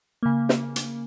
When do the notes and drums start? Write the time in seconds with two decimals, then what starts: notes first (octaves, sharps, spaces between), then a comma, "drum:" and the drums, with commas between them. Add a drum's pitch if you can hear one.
0.23 C#3 A#3
0.49 drum: snare
0.76 drum: hi-hat